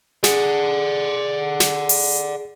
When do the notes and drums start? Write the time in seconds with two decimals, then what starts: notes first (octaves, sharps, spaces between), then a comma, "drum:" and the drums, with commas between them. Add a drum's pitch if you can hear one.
0.24 G#4 D5 F#5, drum: snare
1.60 drum: snare
1.89 drum: open hi-hat